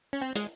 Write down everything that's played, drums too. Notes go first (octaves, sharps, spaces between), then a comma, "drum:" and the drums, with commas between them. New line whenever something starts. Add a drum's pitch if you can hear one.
C#4
C4
G#3, drum: hi-hat